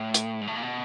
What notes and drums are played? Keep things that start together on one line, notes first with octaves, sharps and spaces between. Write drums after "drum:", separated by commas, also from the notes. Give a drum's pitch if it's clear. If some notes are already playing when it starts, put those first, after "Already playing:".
Already playing: A2
drum: hi-hat
G#2
A2
A#2
B2